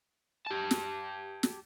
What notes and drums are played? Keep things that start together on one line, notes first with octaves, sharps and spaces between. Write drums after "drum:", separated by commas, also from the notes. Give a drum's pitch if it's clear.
G4 A5
drum: snare
drum: snare